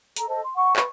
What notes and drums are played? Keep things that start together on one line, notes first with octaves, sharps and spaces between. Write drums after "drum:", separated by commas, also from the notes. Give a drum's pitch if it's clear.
A4 A#5, drum: hi-hat
A4 C5 D#5 A5
C6
F#5 C#6
B4 B5 C#6, drum: clap